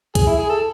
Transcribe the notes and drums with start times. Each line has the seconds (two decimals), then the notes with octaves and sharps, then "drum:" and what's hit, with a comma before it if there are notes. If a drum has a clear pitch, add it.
0.15 G#4, drum: kick C2, hi-hat
0.27 E4
0.39 G#4
0.49 A4